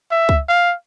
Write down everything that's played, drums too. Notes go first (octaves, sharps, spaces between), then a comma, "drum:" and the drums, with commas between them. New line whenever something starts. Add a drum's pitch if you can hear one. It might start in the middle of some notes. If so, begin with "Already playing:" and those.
E5
drum: kick C#2
F5